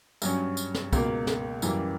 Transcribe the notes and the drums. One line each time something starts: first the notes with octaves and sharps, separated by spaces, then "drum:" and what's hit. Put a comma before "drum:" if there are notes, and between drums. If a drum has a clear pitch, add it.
G2 F#3 C#4, drum: tambourine
drum: tambourine
drum: snare
C#2 B2 A#3, drum: kick, tambourine
drum: snare
F#2 E3 G3 A#3, drum: tambourine